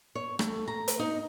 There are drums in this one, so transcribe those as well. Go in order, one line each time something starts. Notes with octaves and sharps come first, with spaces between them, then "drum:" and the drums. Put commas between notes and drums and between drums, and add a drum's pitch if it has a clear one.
C#5
A3, drum: rim click
A#5
drum: hi-hat
D#4